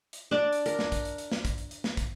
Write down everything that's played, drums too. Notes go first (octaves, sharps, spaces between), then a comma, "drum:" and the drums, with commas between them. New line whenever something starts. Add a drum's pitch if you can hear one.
drum: hi-hat
D4 D5
drum: hi-hat
A#4, drum: hi-hat
drum: snare
drum: kick, hi-hat
drum: hi-hat
drum: hi-hat
drum: snare
drum: kick, hi-hat
drum: hi-hat
drum: hi-hat
drum: snare
drum: kick, hi-hat